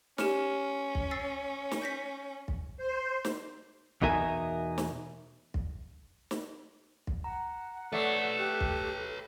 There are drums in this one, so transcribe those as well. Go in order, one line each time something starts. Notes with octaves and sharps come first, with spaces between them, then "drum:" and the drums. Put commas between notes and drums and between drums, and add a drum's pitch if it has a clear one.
C#4 G4 F6, drum: snare
drum: kick
E6 A6 C7
drum: snare
G6 A#6 B6
drum: kick
C5
drum: snare
E2 B2 D#4 A#4 E5 G#5, drum: kick
drum: snare
drum: kick
drum: snare
drum: kick
F#5 A#5
A3 B4 C#5 D5 D#6 E6
G4 F#6
drum: kick